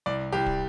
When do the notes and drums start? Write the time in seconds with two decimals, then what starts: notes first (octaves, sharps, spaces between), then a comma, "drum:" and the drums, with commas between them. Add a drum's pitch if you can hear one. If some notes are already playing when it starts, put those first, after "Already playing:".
0.06 C2 D5
0.33 C2 G4
0.46 drum: kick